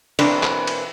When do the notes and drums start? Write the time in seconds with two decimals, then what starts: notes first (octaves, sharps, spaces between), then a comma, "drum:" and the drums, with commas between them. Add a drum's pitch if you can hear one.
0.19 B2 E3 A#3 C4 D4 B4, drum: cymbal
0.43 drum: clap
0.67 drum: cymbal